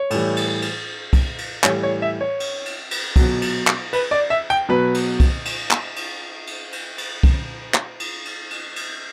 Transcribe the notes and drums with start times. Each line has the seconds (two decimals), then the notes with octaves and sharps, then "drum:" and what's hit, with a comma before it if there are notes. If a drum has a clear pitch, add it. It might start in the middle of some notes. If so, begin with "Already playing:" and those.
Already playing: C#5
0.11 A2 E3 G3, drum: cymbal
0.37 drum: cymbal
0.62 drum: cymbal
1.13 drum: kick, cymbal
1.38 drum: cymbal
1.64 A2 E3 G3 C#5, drum: clap
1.83 C#5
2.02 E5
2.21 C#5
2.40 drum: cymbal
2.66 drum: cymbal
2.91 drum: cymbal
3.16 B2 F#3, drum: kick, cymbal
3.42 drum: cymbal
3.67 drum: clap
3.93 B4, drum: cymbal
4.11 D5
4.30 E5
4.50 G5
4.69 B2 F#3 B4
4.94 drum: cymbal
5.20 drum: kick, cymbal
5.45 drum: cymbal
5.71 drum: clap
5.96 drum: cymbal
6.47 drum: cymbal
6.73 drum: cymbal
6.98 drum: cymbal
7.23 drum: kick, cymbal
7.74 drum: clap
8.00 drum: cymbal
8.25 drum: cymbal
8.51 drum: cymbal
8.76 drum: cymbal